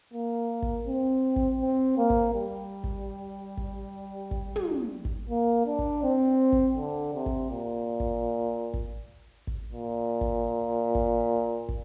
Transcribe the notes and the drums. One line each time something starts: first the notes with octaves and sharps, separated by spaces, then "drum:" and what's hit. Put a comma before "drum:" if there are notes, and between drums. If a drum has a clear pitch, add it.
A#3
drum: kick
C4
drum: kick
C4
A#3
drum: kick
G3
drum: kick
drum: kick
drum: kick
drum: tom
drum: kick
A#3
D4
drum: kick
C4
drum: kick
D3
C3
drum: kick
A#2
drum: kick
drum: kick
drum: kick
A#2
drum: kick
drum: kick
drum: kick